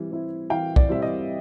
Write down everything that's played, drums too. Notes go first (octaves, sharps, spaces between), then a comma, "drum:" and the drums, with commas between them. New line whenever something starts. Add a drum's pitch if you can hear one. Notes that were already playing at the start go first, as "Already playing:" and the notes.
Already playing: E3 G3 C4
G3 C4 E4
E3 F5 G5
D5, drum: kick
G3 C4 E4 E5
D#5